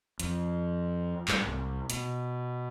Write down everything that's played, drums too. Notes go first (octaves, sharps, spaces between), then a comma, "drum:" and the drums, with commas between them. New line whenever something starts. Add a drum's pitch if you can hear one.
F2, drum: hi-hat
G#2 G3, drum: clap
C2
B2, drum: hi-hat